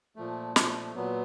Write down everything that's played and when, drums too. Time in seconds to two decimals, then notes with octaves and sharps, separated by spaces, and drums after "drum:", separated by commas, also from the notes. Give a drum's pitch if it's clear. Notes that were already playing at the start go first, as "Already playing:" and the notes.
0.16 A#2 F3 A3
0.56 A#2 F3 A3, drum: snare
0.95 A#2 F#3 B3